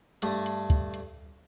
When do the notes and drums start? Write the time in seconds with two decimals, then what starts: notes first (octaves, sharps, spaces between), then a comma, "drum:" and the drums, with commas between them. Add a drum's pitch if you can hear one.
0.22 G2 A3 D#6, drum: hi-hat
0.46 drum: hi-hat
0.70 drum: kick, hi-hat
0.94 drum: hi-hat